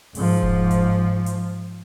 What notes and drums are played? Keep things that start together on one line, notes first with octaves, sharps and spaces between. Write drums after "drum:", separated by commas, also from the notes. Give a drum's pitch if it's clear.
G#2 F3, drum: open hi-hat
drum: kick E1
drum: hi-hat
drum: hi-hat